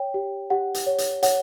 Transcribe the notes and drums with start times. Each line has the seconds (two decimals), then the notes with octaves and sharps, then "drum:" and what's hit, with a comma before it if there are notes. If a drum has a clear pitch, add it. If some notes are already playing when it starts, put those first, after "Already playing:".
Already playing: C#5 G5
0.14 G4
0.50 G4 F#5
0.74 drum: hi-hat
0.86 C#5
0.98 drum: hi-hat
1.23 C#5 F#5, drum: hi-hat